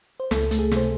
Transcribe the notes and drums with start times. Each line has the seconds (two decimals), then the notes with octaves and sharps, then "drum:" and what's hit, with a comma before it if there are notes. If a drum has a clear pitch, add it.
0.20 C5
0.31 C#2 A4, drum: snare
0.51 A3, drum: hi-hat
0.59 G#4
0.71 C3 C5, drum: snare